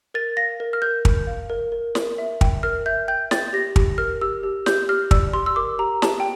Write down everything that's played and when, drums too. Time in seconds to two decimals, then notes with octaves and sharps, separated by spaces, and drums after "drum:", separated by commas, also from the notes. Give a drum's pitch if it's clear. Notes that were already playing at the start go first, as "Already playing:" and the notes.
0.14 A#4 A6
0.37 F5 A#6
0.60 A#4
0.73 F6
0.82 A#4 G6
1.05 A#4, drum: kick
1.27 F5
1.50 A#4
1.72 A#4
1.95 A#4, drum: snare
2.18 E5
2.41 G5, drum: kick
2.63 A#4 F6
2.86 E5 G6
3.08 G5 G6
3.31 G5 A6, drum: snare
3.53 G4 A#6
3.76 G4, drum: kick
3.98 A#4 F6
4.21 G4 E6
4.43 G4
4.66 G4 G6, drum: snare
4.89 G4 F6
5.11 D5 E6, drum: kick
5.34 G4 C6
5.46 E6
5.56 A#4 D6
5.79 G4 A#5
6.02 G4 A5, drum: snare
6.20 G5